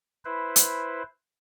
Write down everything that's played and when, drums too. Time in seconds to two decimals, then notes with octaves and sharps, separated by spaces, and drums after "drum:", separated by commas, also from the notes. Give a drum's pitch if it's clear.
0.25 E4 B4 C5
0.56 drum: hi-hat